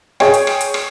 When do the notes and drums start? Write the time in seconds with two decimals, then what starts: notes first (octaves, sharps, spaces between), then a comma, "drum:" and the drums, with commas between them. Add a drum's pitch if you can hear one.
0.20 G#4 C#5 G5, drum: rim click
0.34 drum: hi-hat
0.47 drum: rim click
0.61 drum: hi-hat
0.74 drum: rim click